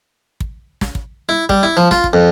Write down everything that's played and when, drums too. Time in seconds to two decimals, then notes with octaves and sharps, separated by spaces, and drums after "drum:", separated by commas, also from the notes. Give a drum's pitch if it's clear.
0.40 drum: kick
0.81 drum: snare
0.95 drum: kick
1.29 E4
1.49 G3, drum: kick
1.63 E4
1.77 F3
1.91 F4, drum: snare
2.04 drum: kick
2.13 F2